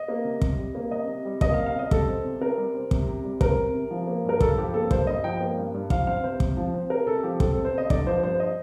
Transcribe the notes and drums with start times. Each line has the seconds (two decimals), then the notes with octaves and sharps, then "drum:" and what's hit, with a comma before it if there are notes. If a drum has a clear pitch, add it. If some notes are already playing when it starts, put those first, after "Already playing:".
Already playing: D#5
0.08 A#3
0.25 C3
0.41 C3, drum: kick
0.58 G3
0.75 A#3
0.91 C3 D#5
1.07 C3
1.25 G3
1.41 A#3 D#5, drum: kick
1.54 F5
1.58 C3
1.66 F5
1.75 C3 D#5
1.91 G3 A4, drum: kick
2.07 C4
2.25 C3
2.41 C3 A#4
2.57 G3
2.74 C4
2.91 C3, drum: kick
3.08 C3
3.24 G3
3.41 C4 A#4, drum: kick
3.57 C3
3.74 C3
3.91 F3
4.07 A#3
4.24 G2 A#4
4.41 G2 A4, drum: kick
4.58 F3 G4
4.74 A#3 A4
4.91 G2 C5, drum: kick
5.07 G2 D#5
5.24 F3 G5
5.40 A#3
5.57 G2
5.74 G2
5.90 F3 F5, drum: kick
6.07 C4 F5
6.24 C3 C5
6.40 C3, drum: kick
6.57 F3
6.74 C4
6.90 C3 A#4
7.07 C3 A4
7.23 F3 G4
7.40 C4 A4, drum: kick
7.52 C3 A4
7.65 C5
7.73 C3 D#5
7.90 D3 D5, drum: kick
8.06 F3 C5
8.23 G2 C5
8.40 D#5